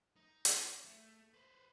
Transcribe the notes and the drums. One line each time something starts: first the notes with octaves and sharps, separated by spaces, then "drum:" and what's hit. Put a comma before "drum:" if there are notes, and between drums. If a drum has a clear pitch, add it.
D#4
drum: hi-hat
A3
B4 C5